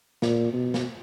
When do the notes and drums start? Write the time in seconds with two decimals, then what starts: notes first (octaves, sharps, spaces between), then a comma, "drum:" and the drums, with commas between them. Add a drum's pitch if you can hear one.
0.22 A#2, drum: snare
0.53 B2
0.74 drum: snare